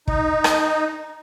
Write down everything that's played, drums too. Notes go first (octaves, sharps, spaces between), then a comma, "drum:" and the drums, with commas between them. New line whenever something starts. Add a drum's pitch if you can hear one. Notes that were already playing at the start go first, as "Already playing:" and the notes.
D#4, drum: kick
drum: rim click